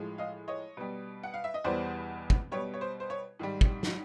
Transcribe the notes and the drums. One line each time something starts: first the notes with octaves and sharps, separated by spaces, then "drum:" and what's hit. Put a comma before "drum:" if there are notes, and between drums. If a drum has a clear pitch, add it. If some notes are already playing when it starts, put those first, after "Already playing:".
Already playing: A2 F3 G#3
D#5 F5
C#5 D#5
B2 G3
F#5
F5
E5
D#5
E2 B2 G3 C5 D5
drum: kick
B2 G3 C#5
C#5
C5
C5
C#5
G#2 D#3 G3
drum: kick
drum: snare